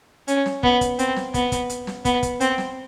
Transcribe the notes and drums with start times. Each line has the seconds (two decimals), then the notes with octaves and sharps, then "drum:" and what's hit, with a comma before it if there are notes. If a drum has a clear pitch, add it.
0.28 C#4, drum: hi-hat
0.46 drum: snare
0.63 B3, drum: kick
0.81 drum: kick, hi-hat
0.99 C4, drum: hi-hat
1.16 drum: snare
1.34 B3, drum: kick, hi-hat
1.52 drum: kick, hi-hat
1.70 drum: hi-hat
1.87 drum: snare
2.05 B3, drum: kick, hi-hat
2.23 drum: kick, hi-hat
2.40 C4, drum: hi-hat
2.58 drum: snare